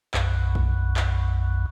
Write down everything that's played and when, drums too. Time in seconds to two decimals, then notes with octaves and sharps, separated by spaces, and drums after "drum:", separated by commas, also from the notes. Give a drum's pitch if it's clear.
0.14 B1 F#2, drum: clap
0.55 drum: kick A#1
0.97 drum: clap